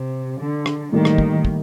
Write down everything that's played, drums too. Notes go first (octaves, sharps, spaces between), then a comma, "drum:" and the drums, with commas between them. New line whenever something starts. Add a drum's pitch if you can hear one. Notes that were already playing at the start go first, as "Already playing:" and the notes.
Already playing: C3
D3
drum: rim click
A2 D#3 G3 A#3 D#4
drum: rim click
drum: kick
drum: kick